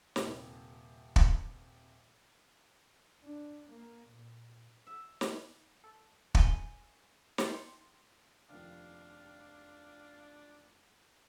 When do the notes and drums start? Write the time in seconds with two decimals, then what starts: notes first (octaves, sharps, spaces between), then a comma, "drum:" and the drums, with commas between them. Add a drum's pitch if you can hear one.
0.16 D#1 C3 A4, drum: snare
1.16 drum: kick
3.24 D4
3.70 A#3
4.09 A#2
4.87 E5
5.21 drum: snare
5.84 A4
6.35 G#5 G7, drum: kick
7.38 G5 A5 C6 C#7, drum: snare
8.49 F1 D#2 F3 D4 F5